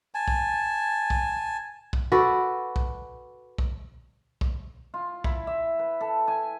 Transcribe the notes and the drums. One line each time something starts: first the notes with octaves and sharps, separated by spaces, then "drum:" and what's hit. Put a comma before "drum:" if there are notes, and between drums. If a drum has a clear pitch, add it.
G#5 A5
drum: kick
drum: kick
drum: kick
F#4 A4 B4 D5
drum: kick
drum: kick
drum: kick
F4
E4, drum: kick
E5
B4
A4
G#5